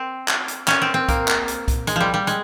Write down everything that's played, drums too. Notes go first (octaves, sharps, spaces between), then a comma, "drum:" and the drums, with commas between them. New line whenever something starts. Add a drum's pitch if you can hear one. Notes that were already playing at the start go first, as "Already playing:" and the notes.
Already playing: C4
drum: clap
drum: hi-hat
C#4, drum: clap
C4
C4
A#3, drum: kick, hi-hat
drum: clap
drum: hi-hat
drum: kick, hi-hat
G#3, drum: hi-hat
F3 G3
G3
G#3, drum: hi-hat